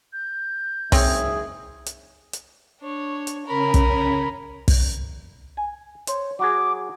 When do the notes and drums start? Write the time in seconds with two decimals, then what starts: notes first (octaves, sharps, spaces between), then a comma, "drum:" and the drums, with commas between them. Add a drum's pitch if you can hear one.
0.13 G6
0.92 F#1 G#2 C4 G#4 C#5 E5, drum: kick, open hi-hat
1.87 drum: hi-hat
2.33 drum: hi-hat
2.80 D4 C#5
3.27 drum: hi-hat
3.46 C#3 C#4 A#4 B5
3.74 drum: kick, hi-hat
4.68 drum: kick, open hi-hat
5.57 G#5
6.07 C5 C#5, drum: hi-hat
6.39 F#3 F#4 G#4 D6